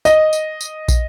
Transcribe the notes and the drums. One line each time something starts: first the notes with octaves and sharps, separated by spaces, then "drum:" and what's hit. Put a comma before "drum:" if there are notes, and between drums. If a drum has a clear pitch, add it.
D#5, drum: tambourine
drum: tambourine
drum: tambourine
drum: kick, tambourine